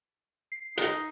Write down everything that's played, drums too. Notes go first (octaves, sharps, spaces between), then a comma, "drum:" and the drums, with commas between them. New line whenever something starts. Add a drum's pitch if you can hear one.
C7
D#4, drum: hi-hat